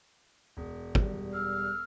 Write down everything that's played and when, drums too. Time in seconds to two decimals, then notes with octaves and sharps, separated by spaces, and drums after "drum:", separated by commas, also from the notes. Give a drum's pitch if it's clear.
0.57 E1
0.95 G3, drum: kick
1.34 E6 F6